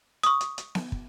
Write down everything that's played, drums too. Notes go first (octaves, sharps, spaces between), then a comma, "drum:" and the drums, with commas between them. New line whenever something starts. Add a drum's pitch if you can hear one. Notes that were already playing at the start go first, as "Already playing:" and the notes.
C#6 D#6, drum: hi-hat
drum: hi-hat
drum: hi-hat
drum: snare B3
drum: kick